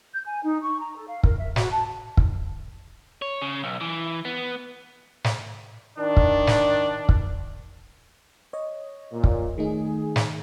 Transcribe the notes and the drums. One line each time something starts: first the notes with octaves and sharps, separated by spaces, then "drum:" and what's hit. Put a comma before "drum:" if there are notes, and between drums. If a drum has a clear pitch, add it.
G6
G#5
D#4
C#6
A#5
A4
F5
A#4, drum: kick
E5
F#4, drum: snare
A5
drum: kick
C#5
C#3
B1
E3
B3
drum: snare
D#3 D4
drum: kick
drum: snare
drum: kick
C#5 D#5
A#2
drum: kick
D#3 A3 D#4 G#4
drum: snare